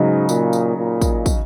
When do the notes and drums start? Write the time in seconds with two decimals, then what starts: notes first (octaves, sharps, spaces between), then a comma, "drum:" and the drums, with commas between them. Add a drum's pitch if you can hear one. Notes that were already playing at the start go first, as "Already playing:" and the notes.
Already playing: G#2 C#3 F#3 D#4
0.29 A#2, drum: tambourine
0.53 drum: tambourine
0.77 A#2
1.01 drum: kick, tambourine
1.26 drum: kick, tambourine